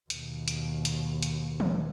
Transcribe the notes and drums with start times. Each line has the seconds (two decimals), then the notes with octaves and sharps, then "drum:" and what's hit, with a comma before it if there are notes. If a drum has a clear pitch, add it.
0.10 D#2 B2, drum: hi-hat
0.48 drum: hi-hat
0.85 drum: hi-hat
1.23 drum: hi-hat
1.60 drum: tom